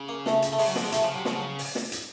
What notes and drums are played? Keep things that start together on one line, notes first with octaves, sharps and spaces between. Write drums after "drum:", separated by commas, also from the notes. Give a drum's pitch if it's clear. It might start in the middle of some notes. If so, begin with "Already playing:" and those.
Already playing: C#3
A#3
A3, drum: snare
drum: hi-hat
A3
C#3 G#3, drum: open hi-hat
F#3
D3 F3, drum: snare
G#3
C3 A3, drum: hi-hat
C#3 F3
C3 F#3
C#3 F3, drum: snare
F#3
drum: open hi-hat
drum: snare
drum: hi-hat